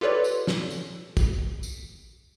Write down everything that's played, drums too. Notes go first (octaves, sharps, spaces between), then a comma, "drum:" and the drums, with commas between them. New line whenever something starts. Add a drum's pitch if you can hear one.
F4 G4 A4 B4 C#5 D5
drum: tambourine
drum: snare
drum: tambourine
drum: kick, tambourine
drum: tambourine